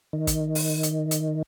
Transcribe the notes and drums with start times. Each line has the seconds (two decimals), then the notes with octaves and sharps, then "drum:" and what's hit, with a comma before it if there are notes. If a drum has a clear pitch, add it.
0.13 D#3
0.27 drum: kick, hi-hat
0.55 drum: open hi-hat
0.83 drum: hi-hat
1.11 drum: hi-hat